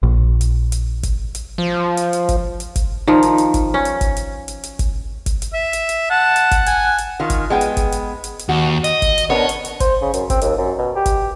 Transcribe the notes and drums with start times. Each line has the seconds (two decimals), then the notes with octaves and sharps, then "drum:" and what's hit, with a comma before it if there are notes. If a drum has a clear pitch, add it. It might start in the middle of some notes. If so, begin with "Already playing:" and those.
0.03 A#1
0.41 drum: hi-hat
0.72 drum: hi-hat
1.03 drum: kick G1, hi-hat
1.35 drum: hi-hat
1.58 F3
1.97 drum: hi-hat
2.13 drum: hi-hat
2.29 drum: kick G1, hi-hat
2.60 drum: hi-hat
2.76 drum: kick G1, hi-hat
3.07 D#3 F3
3.23 drum: hi-hat
3.38 drum: hi-hat
3.54 drum: kick G1, hi-hat
3.74 C#4
3.85 drum: hi-hat
4.01 drum: kick G1, hi-hat
4.17 drum: hi-hat
4.48 drum: hi-hat
4.63 drum: hi-hat
4.79 drum: kick G1, hi-hat
5.26 drum: kick G1, hi-hat
5.42 drum: hi-hat
5.53 E5
5.73 drum: hi-hat
5.89 drum: hi-hat
6.10 F#5 A5
6.36 drum: hi-hat
6.51 drum: kick G1, hi-hat
6.66 G#5, drum: hi-hat
6.98 drum: hi-hat
7.20 D#3 F4
7.30 drum: kick G1, hi-hat
7.50 G#3 B3 G5
7.61 drum: hi-hat
7.77 drum: kick G1, hi-hat
7.92 drum: hi-hat
8.24 drum: hi-hat
8.39 drum: hi-hat
8.49 D#2 F#4
8.84 D#5, drum: hi-hat
9.02 drum: kick G1, hi-hat
9.18 drum: hi-hat
9.30 B3 D4 A#4 C#5
9.49 drum: hi-hat
9.65 drum: hi-hat
9.80 C5, drum: kick G1, hi-hat
10.02 C#3
10.14 F#2, drum: hi-hat
10.30 C4, drum: kick G1, hi-hat
10.41 D#2, drum: hi-hat
10.58 F#2
10.78 B2
10.96 G4
11.06 drum: kick G1, hi-hat